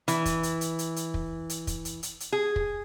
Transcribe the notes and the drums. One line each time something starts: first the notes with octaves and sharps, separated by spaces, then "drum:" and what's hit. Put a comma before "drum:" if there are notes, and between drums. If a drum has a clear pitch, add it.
E3, drum: hi-hat
drum: kick, hi-hat
drum: hi-hat
drum: hi-hat
drum: hi-hat
drum: hi-hat
drum: kick
drum: hi-hat
drum: kick, hi-hat
drum: hi-hat
drum: hi-hat
drum: hi-hat
G#4
drum: kick